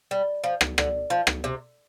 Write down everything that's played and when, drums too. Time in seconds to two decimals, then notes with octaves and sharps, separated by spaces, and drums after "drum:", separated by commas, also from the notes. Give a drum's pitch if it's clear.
0.11 G3
0.44 F3
0.61 drum: rim click
0.78 D3, drum: rim click
1.10 F3
1.27 drum: rim click
1.44 C3